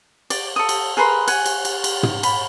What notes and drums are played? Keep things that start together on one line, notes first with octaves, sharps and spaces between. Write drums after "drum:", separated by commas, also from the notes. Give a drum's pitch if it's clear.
D5, drum: cymbal
A4 D#6
drum: cymbal
G#4 A#4 B4 C6
F#5 G#5, drum: cymbal
drum: cymbal
drum: cymbal
drum: cymbal
drum: tom
B5, drum: cymbal